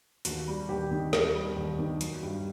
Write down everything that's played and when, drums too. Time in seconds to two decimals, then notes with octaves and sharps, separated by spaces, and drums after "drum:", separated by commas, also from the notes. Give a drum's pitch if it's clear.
0.25 D#2 F#4, drum: hi-hat
0.47 G3
0.69 D#2 G4
0.91 D#3
1.13 D#2, drum: snare
1.35 G3
1.57 D#2
1.78 D#3
2.01 F#3, drum: hi-hat
2.23 G2